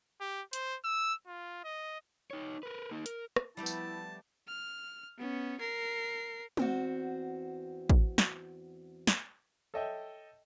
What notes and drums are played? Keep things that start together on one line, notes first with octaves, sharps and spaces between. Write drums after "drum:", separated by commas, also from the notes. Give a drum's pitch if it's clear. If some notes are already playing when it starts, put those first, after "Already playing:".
G4
C5, drum: hi-hat
E6
F4
D#5
D#4 C#5
A#4 B4
A#3 D#4
A#4, drum: hi-hat
drum: rim click
F3 G3 A3 B3 E4 G4 A5
drum: tambourine
F6
B3 C#4
A#4 C7
E2 C4 F#4, drum: tom
drum: kick A1
drum: snare
drum: snare
A4 C#5 D#5 E5 G5